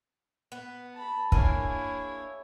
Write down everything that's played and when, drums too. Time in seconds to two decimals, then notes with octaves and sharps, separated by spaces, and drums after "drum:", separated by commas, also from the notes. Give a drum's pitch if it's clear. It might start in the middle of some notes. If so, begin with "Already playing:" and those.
0.52 B3
0.94 A5 B5
1.32 A#3 D4 E4 G#4 C#5, drum: kick